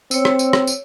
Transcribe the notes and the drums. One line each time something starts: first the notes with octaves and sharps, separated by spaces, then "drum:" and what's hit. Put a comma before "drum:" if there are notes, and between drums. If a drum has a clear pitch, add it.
C4 C#5 E6, drum: tambourine
drum: rim click
drum: tambourine
drum: rim click
drum: tambourine